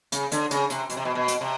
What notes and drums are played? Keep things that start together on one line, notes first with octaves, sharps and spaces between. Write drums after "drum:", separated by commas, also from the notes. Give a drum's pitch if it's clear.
C#3, drum: hi-hat
D3, drum: hi-hat
C#3, drum: hi-hat
C3, drum: hi-hat
B2, drum: hi-hat
C3
B2
B2
drum: hi-hat
C3